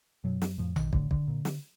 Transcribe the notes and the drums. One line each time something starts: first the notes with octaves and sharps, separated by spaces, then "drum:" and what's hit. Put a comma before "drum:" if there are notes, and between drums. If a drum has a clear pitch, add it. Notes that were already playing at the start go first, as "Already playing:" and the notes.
F#2 B2 F#3
drum: snare
F2 A2 F3
D#3, drum: tom A1
A2 D3, drum: kick
D3, drum: kick
A#2
drum: snare